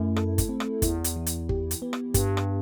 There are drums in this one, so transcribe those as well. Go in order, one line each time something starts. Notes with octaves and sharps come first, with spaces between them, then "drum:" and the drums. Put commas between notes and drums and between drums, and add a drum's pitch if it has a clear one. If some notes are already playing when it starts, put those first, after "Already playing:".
Already playing: F#2 A3 E4
A4, drum: rim click
drum: kick G1, hi-hat
C4
drum: rim click
E2 E4, drum: kick G1, hi-hat
drum: hi-hat
E3
drum: hi-hat
G4, drum: kick G1
drum: hi-hat
B3
drum: rim click
G2 G4, drum: kick G1, hi-hat
drum: rim click